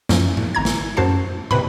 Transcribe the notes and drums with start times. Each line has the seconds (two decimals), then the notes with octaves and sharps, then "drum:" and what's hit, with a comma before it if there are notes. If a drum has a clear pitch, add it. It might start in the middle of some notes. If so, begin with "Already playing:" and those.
0.09 F#2 F3, drum: snare
0.37 drum: tom G#2
0.55 G#1 A#5 G#6
0.65 drum: snare
0.97 F#2 F#4 C5 A5 C7
1.51 C3 B4 B5, drum: tom